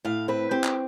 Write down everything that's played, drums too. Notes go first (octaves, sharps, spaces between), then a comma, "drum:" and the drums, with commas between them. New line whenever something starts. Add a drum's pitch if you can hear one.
A2 F5
C4 B4
C4 G4
drum: clap